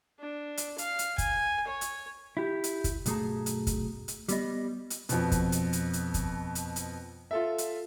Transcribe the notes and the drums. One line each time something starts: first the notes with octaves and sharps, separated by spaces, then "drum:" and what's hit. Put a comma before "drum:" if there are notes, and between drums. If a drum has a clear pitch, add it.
D4
drum: hi-hat
F5, drum: hi-hat
drum: hi-hat
G#5, drum: kick, hi-hat
C#5
drum: hi-hat
E4 G4
drum: hi-hat
drum: kick, hi-hat
B1 G2 A3 G#4 A5 A#5, drum: hi-hat
drum: hi-hat
drum: kick, hi-hat
drum: hi-hat
G3 B3 D#5, drum: hi-hat
drum: hi-hat
F2 B2, drum: hi-hat
drum: kick, hi-hat
drum: hi-hat
drum: hi-hat
drum: hi-hat
drum: kick, hi-hat
drum: hi-hat
drum: hi-hat
F4 A4 E5
drum: hi-hat